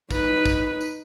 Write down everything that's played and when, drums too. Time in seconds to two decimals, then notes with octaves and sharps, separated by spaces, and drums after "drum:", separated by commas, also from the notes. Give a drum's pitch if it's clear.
0.11 D#4 B4, drum: kick, tambourine
0.46 drum: kick, tambourine
0.80 drum: tambourine